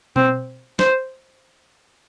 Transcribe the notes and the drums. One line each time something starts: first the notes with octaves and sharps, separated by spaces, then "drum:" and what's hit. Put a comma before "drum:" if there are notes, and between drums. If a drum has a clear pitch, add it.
C4, drum: tom B2
C5, drum: snare